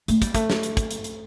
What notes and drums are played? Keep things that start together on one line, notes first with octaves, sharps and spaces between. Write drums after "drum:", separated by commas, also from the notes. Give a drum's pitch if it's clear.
A3, drum: hi-hat
G3, drum: kick, hi-hat
A3, drum: kick, hi-hat
drum: snare
drum: hi-hat
drum: kick, hi-hat
drum: hi-hat
drum: hi-hat